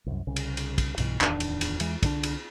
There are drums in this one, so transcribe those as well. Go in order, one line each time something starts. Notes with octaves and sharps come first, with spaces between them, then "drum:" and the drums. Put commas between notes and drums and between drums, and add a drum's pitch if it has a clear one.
C2 F#2
C2 C#3
drum: cymbal
drum: cymbal
drum: kick, cymbal
B1 G2 B2 E3, drum: cymbal
D1 E2 D#3 D4, drum: clap
drum: cymbal
drum: cymbal
E2 E3 G#3, drum: cymbal
C2 D3 G#3 D4, drum: kick, cymbal
drum: cymbal